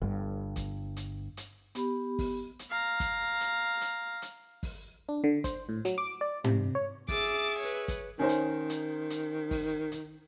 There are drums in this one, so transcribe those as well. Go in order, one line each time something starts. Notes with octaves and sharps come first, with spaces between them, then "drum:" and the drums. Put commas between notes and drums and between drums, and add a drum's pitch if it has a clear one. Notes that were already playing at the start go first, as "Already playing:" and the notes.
G1 G2
drum: kick, hi-hat
drum: hi-hat
drum: hi-hat
B3 G4 B5, drum: hi-hat
drum: kick, open hi-hat
drum: hi-hat
F5 A#5
drum: kick, hi-hat
drum: hi-hat
drum: hi-hat
drum: hi-hat
drum: kick, open hi-hat
D4
D3
C5, drum: kick, hi-hat
A2
F#3, drum: hi-hat
D6
D5
C3, drum: tom
C#5
G#4 E5 D6 A6, drum: kick, open hi-hat
B4 C#5
drum: kick, hi-hat
D#3 C#4 D#4 C5
drum: hi-hat
drum: hi-hat
drum: hi-hat
drum: kick, open hi-hat
drum: hi-hat